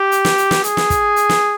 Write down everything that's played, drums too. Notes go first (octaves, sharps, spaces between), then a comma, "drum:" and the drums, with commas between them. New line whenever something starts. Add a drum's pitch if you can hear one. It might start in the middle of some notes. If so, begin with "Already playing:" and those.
Already playing: G4
drum: hi-hat
drum: snare
drum: hi-hat
drum: snare
G#4, drum: hi-hat
drum: snare
drum: kick, hi-hat
drum: hi-hat
drum: snare